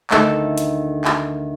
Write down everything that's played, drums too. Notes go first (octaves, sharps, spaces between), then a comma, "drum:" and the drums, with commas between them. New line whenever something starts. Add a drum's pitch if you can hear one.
D2 D#3 D#4 E4 A4, drum: clap
drum: hi-hat
drum: clap